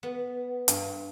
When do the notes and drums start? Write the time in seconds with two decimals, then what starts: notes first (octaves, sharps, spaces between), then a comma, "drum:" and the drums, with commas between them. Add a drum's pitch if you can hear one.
0.03 B3
0.68 G2, drum: hi-hat